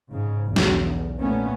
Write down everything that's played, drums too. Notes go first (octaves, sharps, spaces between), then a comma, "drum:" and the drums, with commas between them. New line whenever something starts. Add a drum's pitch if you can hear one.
G#2 C#3
B1 E2
drum: snare
A#2 A3 B3 C#4